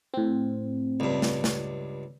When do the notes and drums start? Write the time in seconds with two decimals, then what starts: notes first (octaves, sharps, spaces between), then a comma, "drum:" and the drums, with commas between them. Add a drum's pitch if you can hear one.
0.14 A2 C4
1.00 C#2 G2
1.22 drum: snare
1.44 drum: snare